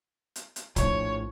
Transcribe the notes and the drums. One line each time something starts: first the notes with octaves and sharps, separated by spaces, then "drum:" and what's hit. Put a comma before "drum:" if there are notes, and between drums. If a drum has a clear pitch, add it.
drum: hi-hat
drum: hi-hat
A#1 A2 F3 C#5, drum: kick, hi-hat